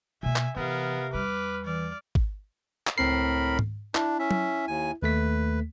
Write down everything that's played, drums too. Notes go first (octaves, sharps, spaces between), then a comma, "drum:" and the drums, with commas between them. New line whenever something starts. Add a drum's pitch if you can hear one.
B2 A#3 E5 G#5
drum: clap
C3 E3 B3 A#4 F5
E2 G3 B4 D6 F6
E3 D5 F6
drum: kick
drum: clap
C#2 A2 C4 A#4 B5 C7
drum: tom G#2
D4 E4, drum: clap
C#4 E5
drum: tom F#3
D#2 G#5
D#2 A3 B4 B6